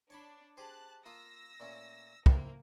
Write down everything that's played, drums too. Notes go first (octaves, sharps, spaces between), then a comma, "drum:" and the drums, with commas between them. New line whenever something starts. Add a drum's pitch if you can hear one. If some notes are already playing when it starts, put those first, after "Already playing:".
D4 C#5 A5 B5
G4 G#4 C5 A5 F#6
A#3 F4 D#6 E6 A#6
A#2 A3 C#4
A#3 C4 E4, drum: kick